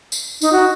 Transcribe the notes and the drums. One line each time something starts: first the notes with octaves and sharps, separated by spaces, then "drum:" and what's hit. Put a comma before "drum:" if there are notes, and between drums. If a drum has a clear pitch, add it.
drum: tambourine
D#4, drum: tambourine
F#4